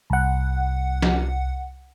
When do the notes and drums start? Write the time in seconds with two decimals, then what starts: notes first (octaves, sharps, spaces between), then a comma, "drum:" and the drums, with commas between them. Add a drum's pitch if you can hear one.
0.10 C2 F#5
1.02 drum: snare